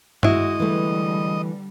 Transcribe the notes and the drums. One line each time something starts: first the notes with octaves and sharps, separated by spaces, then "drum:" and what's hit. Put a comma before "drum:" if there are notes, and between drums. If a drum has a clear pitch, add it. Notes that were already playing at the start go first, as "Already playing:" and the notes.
G#3 E4 F#4 D#5, drum: tom G2
D3 E3 G3 A3